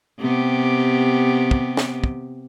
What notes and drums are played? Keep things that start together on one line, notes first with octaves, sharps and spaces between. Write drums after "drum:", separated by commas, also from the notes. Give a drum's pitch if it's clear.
C3 B3 G4
drum: kick
drum: snare
drum: kick